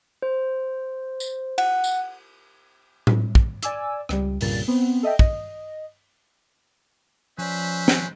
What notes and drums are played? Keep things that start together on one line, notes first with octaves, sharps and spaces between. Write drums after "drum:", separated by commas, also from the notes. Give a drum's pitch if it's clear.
C5
drum: tambourine
F#5, drum: cymbal
drum: tambourine
drum: tom A2
drum: kick
D5 G#5 D6 E6, drum: hi-hat
C#2 G3, drum: rim click
C2 G2 A#2 C#3 G3 A6, drum: open hi-hat
B3 C4
A4 D#5 E5 G5
D#5, drum: kick
F3 C#4 B4 C5 D5 E5
drum: snare